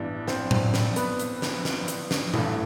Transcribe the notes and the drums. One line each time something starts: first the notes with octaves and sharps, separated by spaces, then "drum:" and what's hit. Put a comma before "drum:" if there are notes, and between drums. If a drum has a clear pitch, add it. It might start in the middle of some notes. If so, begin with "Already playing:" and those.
Already playing: A1 G2 E3 B3 D4
C4 C5, drum: snare
drum: tom A2
drum: snare
B3 B4, drum: hi-hat
drum: hi-hat
drum: snare
drum: snare
drum: hi-hat
drum: snare
A1 G2 E3 A3, drum: tom A#2